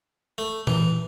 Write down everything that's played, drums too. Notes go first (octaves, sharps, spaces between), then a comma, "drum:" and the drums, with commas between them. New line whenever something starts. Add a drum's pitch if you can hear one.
A3
E3, drum: tom A#2